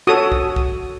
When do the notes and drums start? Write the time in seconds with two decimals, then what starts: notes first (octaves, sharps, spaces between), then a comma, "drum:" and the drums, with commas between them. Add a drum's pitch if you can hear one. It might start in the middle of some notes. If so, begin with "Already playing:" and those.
0.07 F#4 A4 C#5 D#6
0.32 drum: kick
0.56 drum: kick